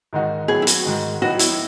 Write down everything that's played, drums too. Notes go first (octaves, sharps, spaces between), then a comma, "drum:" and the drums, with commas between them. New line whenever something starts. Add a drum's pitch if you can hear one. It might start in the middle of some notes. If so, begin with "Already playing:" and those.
G#2 D#3 G#3 D#4 F#4
A2 F#3 B3 G#4
E4
F#4, drum: hi-hat
G#2 D#3 G#3
A2 F#3 B3 D#4 F#4
E4, drum: hi-hat